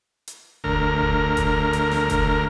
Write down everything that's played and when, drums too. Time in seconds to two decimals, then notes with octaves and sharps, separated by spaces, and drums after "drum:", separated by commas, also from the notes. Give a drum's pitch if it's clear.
0.28 drum: hi-hat
0.64 D2 A#4, drum: kick F1
1.00 drum: kick F1
1.37 drum: kick F1, hi-hat
1.73 drum: hi-hat
1.91 drum: snare
2.10 drum: kick F1, hi-hat